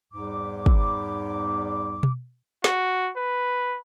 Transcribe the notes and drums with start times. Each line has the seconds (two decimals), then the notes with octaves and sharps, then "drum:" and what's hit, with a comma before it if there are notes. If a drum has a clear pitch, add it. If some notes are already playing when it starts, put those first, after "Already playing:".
0.12 E2 G#2 G3 D6
0.66 drum: kick
2.03 drum: tom B2
2.64 F#4, drum: snare
3.17 B4